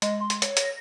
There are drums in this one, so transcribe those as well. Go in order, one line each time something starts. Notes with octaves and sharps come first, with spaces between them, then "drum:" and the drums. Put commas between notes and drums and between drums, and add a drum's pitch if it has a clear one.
G#3 D#5, drum: hi-hat
C6
drum: hi-hat
C#5, drum: hi-hat
A#6, drum: hi-hat